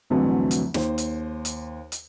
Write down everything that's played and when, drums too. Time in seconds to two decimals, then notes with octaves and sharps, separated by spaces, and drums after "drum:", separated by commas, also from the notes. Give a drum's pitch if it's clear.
0.10 C2 F2 D3 E3 F#3 A3
0.51 drum: hi-hat
0.74 D#2 C5, drum: snare
0.98 drum: hi-hat
1.45 drum: hi-hat
1.92 drum: hi-hat